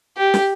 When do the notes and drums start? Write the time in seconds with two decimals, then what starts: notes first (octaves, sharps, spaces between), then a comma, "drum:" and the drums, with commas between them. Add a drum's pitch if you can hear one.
0.17 G4
0.34 drum: snare